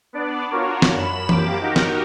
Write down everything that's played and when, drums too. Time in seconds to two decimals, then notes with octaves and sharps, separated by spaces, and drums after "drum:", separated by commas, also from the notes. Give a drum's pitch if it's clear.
0.13 B3 D4 D5
0.51 D4 F4 F#4 A#4 C#5
0.82 drum: snare
0.96 F#2 B5 E7
1.29 F#2 F3 A#3 G4 D6, drum: tom E3
1.61 D#4 F#4 G4 A#4
1.76 drum: snare